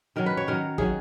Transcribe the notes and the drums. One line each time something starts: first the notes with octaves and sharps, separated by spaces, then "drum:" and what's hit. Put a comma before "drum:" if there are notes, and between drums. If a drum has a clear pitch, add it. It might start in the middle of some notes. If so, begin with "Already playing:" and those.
D#3 F#3 C#4 A#4
B4
C#5
D#3 F#3 C#4 A#4
D#3 F#3 C#4 G#4, drum: kick